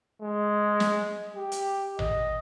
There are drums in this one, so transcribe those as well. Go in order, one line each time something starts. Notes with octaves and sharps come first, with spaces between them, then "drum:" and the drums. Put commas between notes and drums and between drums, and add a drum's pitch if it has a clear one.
G#3
drum: snare
G4
drum: hi-hat
D#5, drum: tom A1